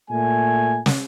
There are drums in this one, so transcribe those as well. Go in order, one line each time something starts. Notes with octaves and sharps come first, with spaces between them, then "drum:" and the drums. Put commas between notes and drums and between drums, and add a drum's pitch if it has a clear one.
A#2 A3 G#5
drum: snare